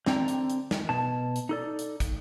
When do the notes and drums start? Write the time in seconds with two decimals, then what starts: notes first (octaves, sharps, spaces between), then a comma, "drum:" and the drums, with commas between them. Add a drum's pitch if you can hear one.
0.06 D3 C4 D5 G5 A#5, drum: snare
0.28 drum: hi-hat
0.50 drum: hi-hat
0.71 drum: snare
0.89 B2 A5
1.36 drum: hi-hat
1.49 D#4 A4 D5
1.79 drum: hi-hat
2.00 drum: kick, hi-hat